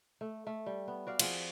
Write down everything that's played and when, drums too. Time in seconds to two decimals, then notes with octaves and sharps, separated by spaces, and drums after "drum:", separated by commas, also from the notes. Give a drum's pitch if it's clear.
0.21 A3
0.47 A3
0.66 G3
0.88 B3
1.07 F#4 D5 F5
1.19 F3 C4 F#4 G#4, drum: cymbal